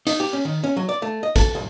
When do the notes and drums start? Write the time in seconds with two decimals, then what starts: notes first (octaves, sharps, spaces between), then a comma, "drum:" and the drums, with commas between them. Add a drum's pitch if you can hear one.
0.07 D#4, drum: hi-hat
0.20 G4
0.33 C#4
0.45 D#3
0.64 C#4
0.77 F#3
0.89 D5
1.02 A3
1.23 D#5
1.36 A4, drum: kick, hi-hat
1.55 C2